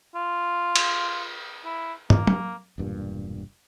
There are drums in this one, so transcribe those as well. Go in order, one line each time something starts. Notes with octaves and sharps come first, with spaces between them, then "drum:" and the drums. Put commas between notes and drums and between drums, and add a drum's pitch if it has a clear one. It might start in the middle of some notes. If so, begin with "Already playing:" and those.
F4
drum: cymbal
E4
A#3, drum: tom
drum: tom
E1 G2 A#2